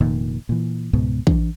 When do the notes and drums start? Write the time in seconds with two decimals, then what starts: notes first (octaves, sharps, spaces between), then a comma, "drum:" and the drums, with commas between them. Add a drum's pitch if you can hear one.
0.01 F1 A#2 D#3
0.49 A#2 E3
0.93 C#2 G#2 B2
1.27 E3 D4, drum: kick